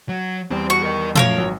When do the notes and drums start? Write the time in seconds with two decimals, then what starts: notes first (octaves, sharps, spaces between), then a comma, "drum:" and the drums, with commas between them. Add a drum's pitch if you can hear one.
0.09 F#3
0.51 E2 G3 C4 C5
0.70 F#4 C#6
0.83 A#4 D#5
1.15 F#2 F3 A3 A4 A#4 C#5 F5, drum: tom A#2
1.38 G#1 F#3